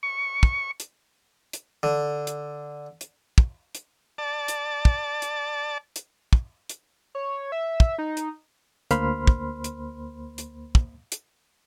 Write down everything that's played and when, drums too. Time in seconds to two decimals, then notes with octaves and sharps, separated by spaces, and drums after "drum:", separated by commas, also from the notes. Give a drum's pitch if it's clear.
0.03 C#6
0.43 drum: kick
0.80 drum: hi-hat
1.53 drum: hi-hat
1.83 D3
2.27 drum: hi-hat
3.01 drum: hi-hat
3.38 drum: kick
3.75 drum: hi-hat
4.18 D5 A5
4.48 drum: hi-hat
4.85 drum: kick
5.22 drum: hi-hat
5.96 drum: hi-hat
6.33 drum: kick
6.69 drum: hi-hat
7.15 C#5
7.52 E5
7.80 drum: kick
7.98 D#4
8.17 drum: hi-hat
8.91 D2 A#3 C5 B5 C6 F6, drum: hi-hat
9.27 drum: kick
9.64 drum: hi-hat
10.38 drum: hi-hat
10.75 drum: kick
11.12 drum: hi-hat